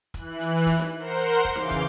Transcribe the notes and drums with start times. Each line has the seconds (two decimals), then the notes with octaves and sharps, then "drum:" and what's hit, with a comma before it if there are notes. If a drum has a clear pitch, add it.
0.14 E3 F#6, drum: kick, hi-hat
0.40 drum: hi-hat
0.66 drum: kick, open hi-hat
0.79 drum: snare D#4
0.97 A#4 C5 F#5 C6
1.19 drum: hi-hat
1.45 drum: kick
1.56 C#3 E3 F5 C6 D6 G6, drum: snare D#4
1.71 drum: kick, hi-hat